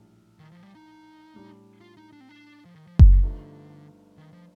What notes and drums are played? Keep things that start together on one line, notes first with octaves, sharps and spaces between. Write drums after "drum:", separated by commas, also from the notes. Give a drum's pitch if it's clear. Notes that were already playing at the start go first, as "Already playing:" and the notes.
Already playing: A#1 A2 G3
D#3
F3
G3
D#4
A2 G3 D4
F4
D#4
D4
C4
D4
F3
D#3
F3
D#3, drum: kick F#1
D3
G1 G2 F3 A3 D#4
D#3
F3